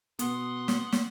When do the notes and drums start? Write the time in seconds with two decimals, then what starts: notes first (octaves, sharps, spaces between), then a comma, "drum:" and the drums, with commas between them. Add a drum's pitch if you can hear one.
0.19 B2 B3 F#5 C6 D#6, drum: hi-hat
0.68 drum: snare
0.92 drum: snare